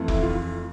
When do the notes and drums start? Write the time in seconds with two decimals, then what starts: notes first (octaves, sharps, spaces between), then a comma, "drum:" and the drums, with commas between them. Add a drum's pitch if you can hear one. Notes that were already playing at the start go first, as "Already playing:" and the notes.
Already playing: F2 E3 A3
0.08 E4, drum: kick F1
0.22 F4